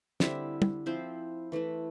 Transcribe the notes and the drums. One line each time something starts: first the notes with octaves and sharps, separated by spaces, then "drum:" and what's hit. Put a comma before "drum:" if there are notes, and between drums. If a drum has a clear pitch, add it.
D3 G3 C4 E4 E5, drum: snare
drum: tom
F3 C4 E4 C5
E3 A3 E4